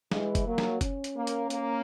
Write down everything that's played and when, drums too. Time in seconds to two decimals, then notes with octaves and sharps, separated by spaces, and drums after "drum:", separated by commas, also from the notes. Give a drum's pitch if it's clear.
0.12 E3 G#3, drum: snare
0.35 drum: kick F#1, hi-hat
0.47 F#3 A#3
0.58 drum: snare
0.81 C#4, drum: kick F#1, hi-hat
1.04 drum: hi-hat
1.16 A#3
1.27 drum: hi-hat
1.50 A#3, drum: hi-hat